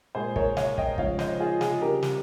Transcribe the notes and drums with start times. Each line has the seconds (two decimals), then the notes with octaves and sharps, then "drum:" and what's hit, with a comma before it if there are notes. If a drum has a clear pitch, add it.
0.15 A#2 G#3 G#4 C5
0.36 A#4 C#5, drum: kick
0.57 C#5 F5, drum: snare
0.78 D#5 G5, drum: kick
0.98 C#3 F3 G#3 C#5 F5, drum: kick
1.19 C5 D#5, drum: snare
1.40 F4 G#4
1.61 F4 G#4, drum: snare
1.82 C#3 G3 G4 A#4
2.03 drum: snare